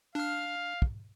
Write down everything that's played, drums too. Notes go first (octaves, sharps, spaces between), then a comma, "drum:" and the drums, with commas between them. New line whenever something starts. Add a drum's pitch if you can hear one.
D4 F5 F6
drum: kick